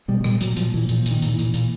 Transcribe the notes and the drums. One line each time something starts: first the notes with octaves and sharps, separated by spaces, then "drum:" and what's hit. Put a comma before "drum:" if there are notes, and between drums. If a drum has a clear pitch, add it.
B2 G3
F#3
A#2 G3, drum: rim click
A#2 F#3, drum: hi-hat
A#2 F3, drum: hi-hat
A#2 E3, drum: open hi-hat
A#2 F3, drum: hi-hat
A#2 D#3, drum: hi-hat
A#2, drum: hi-hat
E3
A#2, drum: hi-hat
A#2, drum: hi-hat